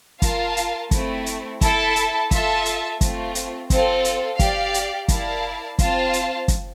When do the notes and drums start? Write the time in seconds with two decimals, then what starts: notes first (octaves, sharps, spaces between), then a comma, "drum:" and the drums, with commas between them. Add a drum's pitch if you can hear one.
0.22 F4 A#4 F5 A5, drum: kick, hi-hat
0.57 drum: hi-hat
0.91 A3 C4 E4, drum: kick, hi-hat
1.26 drum: hi-hat
1.61 E4 A4 E5 A5, drum: kick, hi-hat
1.96 drum: hi-hat
2.31 F4 A4 E5 A5, drum: kick, hi-hat
2.65 drum: hi-hat
3.01 A3 C4 F4, drum: kick, hi-hat
3.35 drum: hi-hat
3.70 C4 F4 A4, drum: kick, hi-hat
4.05 drum: hi-hat
4.39 G4 D5 F5, drum: kick, hi-hat
4.74 drum: hi-hat
5.08 E4 A#4 D5 F5 A5, drum: kick, hi-hat
5.79 C4 F4 C5 F5 A5, drum: kick, hi-hat
6.13 drum: hi-hat
6.48 drum: kick, hi-hat